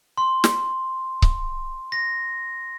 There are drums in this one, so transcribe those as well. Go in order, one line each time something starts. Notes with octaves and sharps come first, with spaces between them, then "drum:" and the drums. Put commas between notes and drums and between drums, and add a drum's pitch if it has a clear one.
C6
drum: snare
drum: kick C#1
A#6